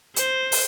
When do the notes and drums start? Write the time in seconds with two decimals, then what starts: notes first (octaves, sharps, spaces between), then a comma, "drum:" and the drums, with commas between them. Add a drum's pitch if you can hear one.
0.16 C5, drum: hi-hat
0.52 drum: open hi-hat